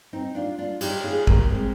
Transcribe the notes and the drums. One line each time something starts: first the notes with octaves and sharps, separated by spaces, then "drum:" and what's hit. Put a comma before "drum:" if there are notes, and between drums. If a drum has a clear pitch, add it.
C4 D#4
D4 F4
D4 F4
D#4 G4, drum: cymbal
F4 G#4
G4 A#4, drum: kick
G#3 C4